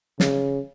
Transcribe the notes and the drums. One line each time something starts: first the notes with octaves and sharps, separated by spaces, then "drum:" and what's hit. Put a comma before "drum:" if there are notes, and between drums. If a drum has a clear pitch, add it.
C#3, drum: snare